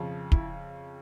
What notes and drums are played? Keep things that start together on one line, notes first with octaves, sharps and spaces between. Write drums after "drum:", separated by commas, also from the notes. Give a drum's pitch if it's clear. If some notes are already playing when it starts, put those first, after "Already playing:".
Already playing: F2 C#3 F3
E4, drum: kick